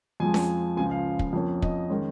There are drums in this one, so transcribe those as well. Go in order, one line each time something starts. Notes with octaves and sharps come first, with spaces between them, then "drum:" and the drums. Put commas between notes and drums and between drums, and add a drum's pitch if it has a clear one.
F2 F3 G#3 G#5
drum: snare C#4
C#2 C#3 F3 G#5
F5
drum: kick
F2 F3 A#3 C#4
D#5, drum: kick
D#3 G#3 C#4